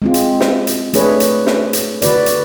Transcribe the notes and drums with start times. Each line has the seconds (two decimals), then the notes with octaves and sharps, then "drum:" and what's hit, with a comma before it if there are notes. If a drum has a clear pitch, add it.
0.02 G#3 C4 F4
0.14 drum: hi-hat
0.40 drum: snare
0.67 drum: hi-hat
0.93 A3 D4 G#4 B4 C#5, drum: hi-hat
1.20 drum: hi-hat
1.47 drum: snare
1.73 drum: hi-hat
2.02 D3 F#4 B4 D5, drum: hi-hat
2.26 drum: hi-hat